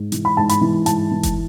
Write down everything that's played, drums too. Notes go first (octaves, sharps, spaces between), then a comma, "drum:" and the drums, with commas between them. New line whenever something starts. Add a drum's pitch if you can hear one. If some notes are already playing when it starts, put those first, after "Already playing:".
Already playing: G#2
E3, drum: hi-hat
B5
G#2 A5
B5, drum: hi-hat
E3
G#2 A5, drum: hi-hat
E3
drum: kick F#1, hi-hat